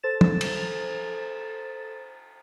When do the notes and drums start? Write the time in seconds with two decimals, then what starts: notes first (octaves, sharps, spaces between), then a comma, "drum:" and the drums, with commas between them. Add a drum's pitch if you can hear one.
0.03 A4 C5 A6 E7
0.21 drum: tom
0.41 drum: cymbal